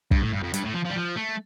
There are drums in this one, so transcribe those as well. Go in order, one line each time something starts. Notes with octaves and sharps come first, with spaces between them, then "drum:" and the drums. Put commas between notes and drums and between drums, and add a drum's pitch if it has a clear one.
G2, drum: kick
A2
G2
F2
G2, drum: hi-hat
A2
F3
F3
G3
F3
A3